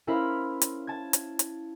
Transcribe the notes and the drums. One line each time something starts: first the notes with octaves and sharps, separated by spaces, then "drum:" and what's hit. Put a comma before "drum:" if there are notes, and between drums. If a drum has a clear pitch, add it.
C#4 E4 A#4 C5 F5 B5
drum: hi-hat
A5 G#6
drum: hi-hat
drum: hi-hat